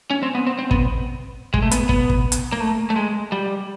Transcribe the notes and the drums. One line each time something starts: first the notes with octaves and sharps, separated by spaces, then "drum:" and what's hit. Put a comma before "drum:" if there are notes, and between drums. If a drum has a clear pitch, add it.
C#4
C4
B3
C4
C4
B3, drum: kick
G#3, drum: kick
A3
B3, drum: hi-hat
B3, drum: kick
drum: kick
drum: hi-hat
A#3
A3
A3
G#3
G3